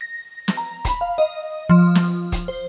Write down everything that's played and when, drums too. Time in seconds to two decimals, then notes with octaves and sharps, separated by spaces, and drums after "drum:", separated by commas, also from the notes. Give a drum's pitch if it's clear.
0.01 A#6
0.48 drum: snare
0.57 A#5
0.85 B5, drum: kick, hi-hat
1.01 F5
1.18 D#5
1.69 F3
1.95 drum: snare
2.32 drum: kick, hi-hat
2.48 C5